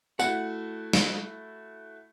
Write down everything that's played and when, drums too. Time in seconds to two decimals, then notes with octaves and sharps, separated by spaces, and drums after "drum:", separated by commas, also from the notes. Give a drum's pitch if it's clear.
0.19 A3 E4 F#4 F#5, drum: tambourine
0.93 drum: snare